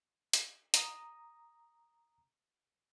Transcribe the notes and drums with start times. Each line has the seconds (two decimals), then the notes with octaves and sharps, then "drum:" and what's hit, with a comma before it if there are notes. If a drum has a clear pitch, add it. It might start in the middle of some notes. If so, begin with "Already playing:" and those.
0.33 drum: hi-hat
0.74 A#5 D#6, drum: hi-hat